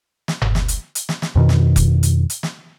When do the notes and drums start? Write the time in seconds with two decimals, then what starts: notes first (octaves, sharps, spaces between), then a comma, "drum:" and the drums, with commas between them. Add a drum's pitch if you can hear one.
0.28 drum: snare
0.41 drum: tom F#1
0.55 drum: snare
0.68 drum: hi-hat
0.95 drum: hi-hat
1.09 drum: snare
1.22 drum: snare
1.36 F2 B2 D#3
1.49 drum: snare
1.76 drum: kick F1, hi-hat
2.03 drum: hi-hat
2.30 drum: hi-hat
2.43 drum: snare